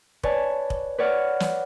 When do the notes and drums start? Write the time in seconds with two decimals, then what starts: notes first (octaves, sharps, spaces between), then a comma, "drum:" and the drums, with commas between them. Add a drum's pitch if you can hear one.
0.23 B4 C#5 D5 G#5 A5, drum: kick
0.70 drum: kick
0.98 B4 C#5 D5 F#5 F6
1.40 drum: snare